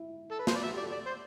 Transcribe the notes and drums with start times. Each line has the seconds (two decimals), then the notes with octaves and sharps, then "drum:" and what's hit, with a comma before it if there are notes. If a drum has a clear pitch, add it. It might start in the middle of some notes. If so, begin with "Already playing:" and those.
Already playing: E4
0.31 A4
0.39 B4
0.47 C5, drum: snare
0.55 D5
0.63 F#4 E5
0.73 G4
0.77 D5
0.82 A4
0.92 D5
1.06 C5